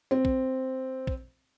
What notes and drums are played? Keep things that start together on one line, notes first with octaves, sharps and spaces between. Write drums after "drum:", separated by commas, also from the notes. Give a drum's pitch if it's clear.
C4
drum: kick
drum: kick